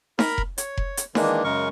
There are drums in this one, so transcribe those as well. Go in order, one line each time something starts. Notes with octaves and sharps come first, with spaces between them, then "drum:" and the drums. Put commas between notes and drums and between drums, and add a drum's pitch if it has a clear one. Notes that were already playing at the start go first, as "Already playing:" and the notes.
A#4 A#5 B5, drum: snare D#4
drum: kick F1
C#5, drum: hi-hat
drum: kick F1
drum: hi-hat
D#3 E3 G#3 A#3 D4, drum: snare D#4
F#2 C#3 G#3 A#4 C#6